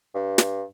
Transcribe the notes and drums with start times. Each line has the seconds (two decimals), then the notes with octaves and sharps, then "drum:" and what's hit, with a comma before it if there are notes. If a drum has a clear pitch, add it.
0.15 G2
0.38 drum: snare